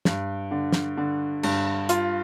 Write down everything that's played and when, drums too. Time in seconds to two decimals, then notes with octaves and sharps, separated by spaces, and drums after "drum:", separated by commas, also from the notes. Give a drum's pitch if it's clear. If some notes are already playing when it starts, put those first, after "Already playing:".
0.05 G2, drum: snare
0.51 D3
0.72 drum: snare
0.97 D3
1.43 G2, drum: cymbal
1.89 F4, drum: hi-hat